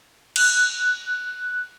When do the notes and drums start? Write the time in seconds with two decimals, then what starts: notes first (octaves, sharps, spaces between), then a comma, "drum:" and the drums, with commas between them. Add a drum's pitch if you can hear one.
0.36 F#6, drum: cymbal